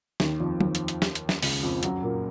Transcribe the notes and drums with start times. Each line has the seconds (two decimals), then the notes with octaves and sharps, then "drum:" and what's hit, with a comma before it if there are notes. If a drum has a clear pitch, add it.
0.20 D#2 D#3, drum: snare
0.40 F2 F3
0.61 D#2 D#3, drum: tom
0.75 drum: hi-hat
0.88 drum: hi-hat
1.02 drum: snare
1.15 drum: hi-hat
1.29 drum: snare
1.43 C#2 C#3, drum: open hi-hat
1.63 F2 F3
1.83 F#2 F#3, drum: hi-hat
2.03 A#2 A#3